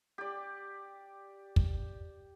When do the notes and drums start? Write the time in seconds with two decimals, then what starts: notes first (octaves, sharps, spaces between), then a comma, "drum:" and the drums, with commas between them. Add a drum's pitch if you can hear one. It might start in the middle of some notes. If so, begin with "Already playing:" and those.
0.18 G4 D5
1.56 drum: kick